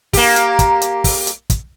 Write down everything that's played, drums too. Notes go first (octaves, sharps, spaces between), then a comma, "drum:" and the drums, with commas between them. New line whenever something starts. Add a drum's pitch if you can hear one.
A#3 G4, drum: kick, open hi-hat
drum: hi-hat
drum: kick, hi-hat
drum: hi-hat
drum: kick, open hi-hat
drum: hi-hat
drum: kick, hi-hat